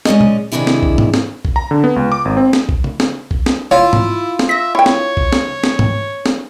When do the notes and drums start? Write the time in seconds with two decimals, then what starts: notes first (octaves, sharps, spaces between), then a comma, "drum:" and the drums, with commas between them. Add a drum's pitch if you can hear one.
0.05 G#3 C#4 D5 D#5, drum: snare
0.21 drum: tom A#2
0.52 C3 D#3 E3 D4 E4 G#4
0.67 drum: snare
0.83 drum: kick B1
0.98 drum: tom G#2
1.14 drum: snare
1.45 drum: kick B1
1.56 A#5
1.71 D3
1.84 B3
1.96 C#2
2.12 D6
2.25 G#1
2.37 C4
2.53 drum: snare
2.69 drum: kick B1
2.84 drum: tom C#3
3.00 drum: snare
3.31 drum: kick B1
3.46 drum: snare
3.71 E4 F4 C#5
3.93 drum: tom G#2
4.39 drum: snare
4.49 E5 A#6 B6
4.75 E4 C#5 G5
4.86 drum: snare
5.17 drum: kick B1
5.33 drum: snare
5.64 drum: snare
5.79 drum: tom G#2
6.26 drum: snare